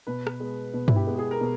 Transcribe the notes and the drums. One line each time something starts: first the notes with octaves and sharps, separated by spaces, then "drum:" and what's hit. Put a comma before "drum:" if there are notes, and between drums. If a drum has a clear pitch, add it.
B2 B4
drum: rim click
G#3 B3
B2
E4, drum: tom G2
G4
G#3 B3
G#4
A#4
B2